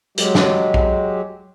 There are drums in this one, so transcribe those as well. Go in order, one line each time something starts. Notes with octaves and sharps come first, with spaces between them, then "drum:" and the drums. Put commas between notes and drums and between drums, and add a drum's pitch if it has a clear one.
F#3 G#3 G4, drum: hi-hat
drum: snare
drum: kick B1